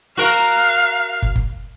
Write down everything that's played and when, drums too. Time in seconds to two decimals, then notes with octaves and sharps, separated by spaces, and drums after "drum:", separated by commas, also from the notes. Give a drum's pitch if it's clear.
0.17 F#4 A#4 F5
1.22 drum: kick
1.36 drum: kick